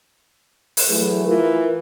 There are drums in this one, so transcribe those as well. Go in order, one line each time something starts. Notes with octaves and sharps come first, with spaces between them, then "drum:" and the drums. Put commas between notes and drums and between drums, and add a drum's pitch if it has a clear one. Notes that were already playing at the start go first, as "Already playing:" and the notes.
drum: open hi-hat
E3 F#3 A3 G#4 B4
E3 F4 A#4